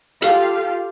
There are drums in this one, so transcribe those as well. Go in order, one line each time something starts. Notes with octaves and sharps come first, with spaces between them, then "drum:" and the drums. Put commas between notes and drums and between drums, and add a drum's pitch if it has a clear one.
F4 G4 A4 F5, drum: hi-hat